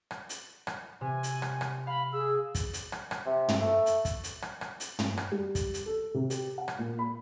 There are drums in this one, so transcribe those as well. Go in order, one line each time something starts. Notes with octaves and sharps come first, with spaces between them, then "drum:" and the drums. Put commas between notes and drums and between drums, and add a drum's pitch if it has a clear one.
drum: rim click
drum: hi-hat
drum: rim click
C3 G#5
drum: hi-hat
drum: rim click
drum: rim click
F5 B5
G#4 E6
drum: kick, hi-hat
drum: hi-hat
drum: rim click
drum: rim click
C3
drum: tom
A3
drum: hi-hat
drum: kick, hi-hat
drum: hi-hat
drum: rim click
drum: rim click
drum: hi-hat
drum: tom
drum: rim click
G3
drum: kick, hi-hat
drum: hi-hat
A4
C3
G4, drum: hi-hat
F#5
drum: rim click
A#2
B5